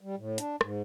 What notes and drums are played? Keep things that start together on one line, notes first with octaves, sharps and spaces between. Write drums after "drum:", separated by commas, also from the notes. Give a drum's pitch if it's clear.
G3
A2
D4, drum: hi-hat
G#2, drum: rim click